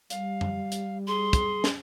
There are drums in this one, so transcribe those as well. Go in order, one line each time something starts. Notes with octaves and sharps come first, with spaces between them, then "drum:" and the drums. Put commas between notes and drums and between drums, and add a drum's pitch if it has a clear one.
G3 F5, drum: hi-hat
drum: tom F#2
drum: hi-hat
G#4 C6
drum: kick, hi-hat
drum: snare